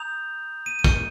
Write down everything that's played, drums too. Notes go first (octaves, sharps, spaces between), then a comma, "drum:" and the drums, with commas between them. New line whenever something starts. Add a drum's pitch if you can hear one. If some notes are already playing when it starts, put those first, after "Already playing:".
Already playing: A#5 D#6 G6 F7
D#7
D#7
C#7, drum: kick